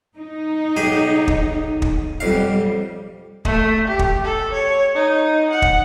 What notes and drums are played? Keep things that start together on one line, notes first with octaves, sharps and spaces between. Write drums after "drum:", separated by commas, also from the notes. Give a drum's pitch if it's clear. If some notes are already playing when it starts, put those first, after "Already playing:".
D#4
B1 G4 G#4
drum: kick
drum: kick
B1 F2 G3 F5
A3, drum: kick
G4
drum: kick
A4
C#5
D#4
F#5
drum: kick